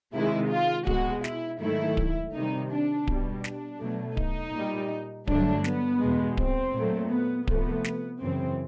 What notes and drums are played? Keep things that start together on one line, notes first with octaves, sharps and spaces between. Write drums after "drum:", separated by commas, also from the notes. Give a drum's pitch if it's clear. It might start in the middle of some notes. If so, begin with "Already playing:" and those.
C3 D#3 G#3 E4
F4
B2 G#3 F#4, drum: kick D1
E4, drum: snare
G#2 D#3 F#3 A3 E4
drum: kick D1
C3 D#3 G3 D#4
D4
B2 G3, drum: kick D1
D4, drum: snare
B2 F#3 A3
D#4, drum: kick D1
A#2 G3
G2 D3 F#3 A3 D4, drum: kick D1
B3, drum: snare
E2 B2 G#3
C4, drum: kick D1
A#2 F#3 A3
B3
C3 F3 A3 B3, drum: kick D1
drum: snare
F#2 C#3 E3 C4